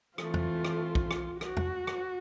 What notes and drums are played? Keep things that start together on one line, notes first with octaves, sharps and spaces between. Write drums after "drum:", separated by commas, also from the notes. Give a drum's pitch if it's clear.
E3 A3 C4 F4, drum: rim click
drum: tom E2
drum: rim click
drum: kick
drum: rim click
F#4, drum: rim click
drum: tom E2
drum: rim click